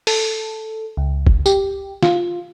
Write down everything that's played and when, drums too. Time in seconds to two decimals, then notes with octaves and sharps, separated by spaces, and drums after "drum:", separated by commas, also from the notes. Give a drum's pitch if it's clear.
0.07 A4, drum: open hi-hat
0.97 C#2
1.27 drum: kick F#1
1.46 G4, drum: tambourine
2.03 F4, drum: snare